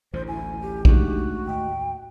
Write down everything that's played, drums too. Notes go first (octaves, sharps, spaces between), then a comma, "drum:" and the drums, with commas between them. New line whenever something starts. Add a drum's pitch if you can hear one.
A1 D2 D3 C5
E4 G#5
G4
G#3 A3 D4 D#4 F#4, drum: kick A#1
D#2 A2 D#5 G5